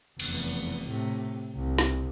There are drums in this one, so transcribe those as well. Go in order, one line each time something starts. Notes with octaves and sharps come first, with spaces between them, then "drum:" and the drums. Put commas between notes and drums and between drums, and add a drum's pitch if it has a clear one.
F1 E2, drum: cymbal
A2 C3
C2
drum: snare